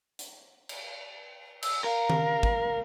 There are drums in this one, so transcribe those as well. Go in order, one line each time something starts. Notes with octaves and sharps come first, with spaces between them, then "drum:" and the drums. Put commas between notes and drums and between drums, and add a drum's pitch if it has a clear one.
drum: hi-hat
drum: cymbal
E6, drum: cymbal
A#4 F5
drum: tom D#3
drum: kick